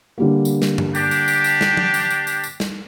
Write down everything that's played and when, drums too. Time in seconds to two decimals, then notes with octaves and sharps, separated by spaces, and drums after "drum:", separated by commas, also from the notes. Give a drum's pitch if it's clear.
0.18 D3 G3 A#3
0.45 drum: tambourine
0.62 drum: snare
0.78 drum: tom G2
0.95 D4 G4, drum: tambourine
1.11 drum: tambourine
1.28 drum: tambourine
1.44 drum: tambourine
1.61 drum: snare
1.77 drum: tom
1.94 drum: tambourine
2.10 drum: tambourine
2.27 drum: tambourine
2.43 drum: tambourine
2.60 drum: snare